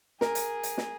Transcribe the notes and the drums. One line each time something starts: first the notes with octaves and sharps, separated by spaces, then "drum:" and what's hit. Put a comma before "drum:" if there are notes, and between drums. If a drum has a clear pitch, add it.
G#4 A#4, drum: snare
drum: hi-hat
drum: hi-hat
drum: snare